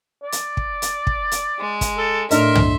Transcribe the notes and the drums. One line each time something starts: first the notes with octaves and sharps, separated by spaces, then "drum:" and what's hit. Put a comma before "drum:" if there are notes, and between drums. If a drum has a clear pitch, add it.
D5
drum: hi-hat
drum: kick
drum: hi-hat
drum: kick
drum: hi-hat
G#3
drum: kick, hi-hat
A4
A2 D4 A#4 D#5 E5 C6, drum: hi-hat
drum: tom